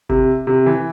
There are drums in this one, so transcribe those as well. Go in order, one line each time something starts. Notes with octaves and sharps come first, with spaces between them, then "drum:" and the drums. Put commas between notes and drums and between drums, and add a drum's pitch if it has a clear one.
C3, drum: kick G1
C3
E3